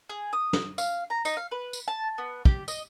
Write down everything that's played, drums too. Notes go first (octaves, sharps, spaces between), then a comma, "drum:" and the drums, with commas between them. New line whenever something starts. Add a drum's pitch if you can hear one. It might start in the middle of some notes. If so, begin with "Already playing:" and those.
G#4
D#6
drum: snare
F5, drum: tambourine
A#5
D#4, drum: tambourine
F5
B4
drum: tambourine
A5
B3
G4, drum: kick
D#5, drum: tambourine